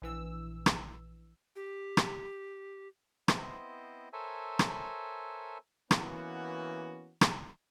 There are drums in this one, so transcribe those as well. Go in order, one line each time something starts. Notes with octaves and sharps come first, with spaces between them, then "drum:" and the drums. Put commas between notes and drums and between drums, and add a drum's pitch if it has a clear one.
A#1 E3 E6
drum: rim click
G4
drum: rim click
B3 C4 E4 C5 D#5, drum: rim click
A4 A#4 C5 C#5 E5 G#5
drum: rim click
E3 A#3 B3 C#4 F#4, drum: rim click
drum: rim click